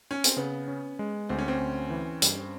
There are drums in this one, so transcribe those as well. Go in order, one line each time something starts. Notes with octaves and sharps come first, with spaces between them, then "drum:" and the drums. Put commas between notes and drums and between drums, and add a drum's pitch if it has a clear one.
C#4
C4, drum: hi-hat
C#3 B3
C#4
G#3
D2 C4
C#4
C4
D2
E3
G2, drum: hi-hat